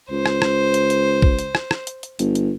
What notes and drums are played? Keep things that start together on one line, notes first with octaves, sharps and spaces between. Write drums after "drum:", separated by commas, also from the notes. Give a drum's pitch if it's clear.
C#2 C5
drum: rim click
drum: rim click
drum: hi-hat
drum: hi-hat
drum: kick
drum: hi-hat
drum: rim click
drum: rim click
drum: hi-hat
drum: hi-hat
G1, drum: hi-hat
drum: hi-hat